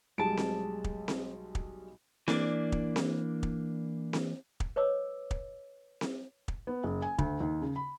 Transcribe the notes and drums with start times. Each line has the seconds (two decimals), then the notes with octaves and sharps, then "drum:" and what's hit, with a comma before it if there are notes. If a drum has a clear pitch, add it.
0.18 B1 G3 G#3 A5 D7
0.37 drum: snare C4
0.84 drum: kick
1.08 drum: snare C4
1.55 drum: kick
2.28 E3 A#3 D4 D5, drum: snare C4
2.72 drum: kick
2.96 drum: snare C4
3.43 drum: kick
4.13 drum: snare C4
4.60 drum: kick
4.76 B4 C#5 D#5 D6 E6
5.31 drum: kick
6.01 drum: snare C4
6.48 drum: kick
6.67 B3
6.84 F#1
7.02 G#5
7.18 D2, drum: kick
7.40 D#2
7.62 C#3
7.76 B5